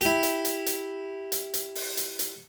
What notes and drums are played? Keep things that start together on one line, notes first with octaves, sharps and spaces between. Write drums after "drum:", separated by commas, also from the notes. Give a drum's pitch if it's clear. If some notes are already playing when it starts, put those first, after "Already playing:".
E4 G4, drum: hi-hat
drum: hi-hat
drum: hi-hat
drum: hi-hat
drum: hi-hat
drum: hi-hat
drum: open hi-hat
drum: hi-hat
drum: hi-hat